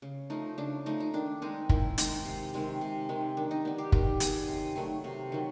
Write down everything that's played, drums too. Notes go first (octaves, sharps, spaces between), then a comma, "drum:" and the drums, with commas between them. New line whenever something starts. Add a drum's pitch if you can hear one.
C#3
F3 A3 D#4
C#3 D4
F3 A3 D#4
D#4
D#3 D4
G#3 C4 D#4
D#3 E4, drum: kick
G#3 C4 D#4, drum: hi-hat
C3
D#3 G#3 C4
C3
D#3 G#3 C4
D#3 D4
D#4
G3 B3
G4
D#3 G4, drum: kick
G3 B3 G#4, drum: hi-hat
C3
D#3 F#3 A3
C3
D#3 F#3